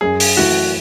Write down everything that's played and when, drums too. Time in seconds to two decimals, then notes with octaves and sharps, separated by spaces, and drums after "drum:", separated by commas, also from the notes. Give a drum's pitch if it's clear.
0.01 F#2 G#4
0.20 drum: open hi-hat
0.37 E3 A3 E4 F#4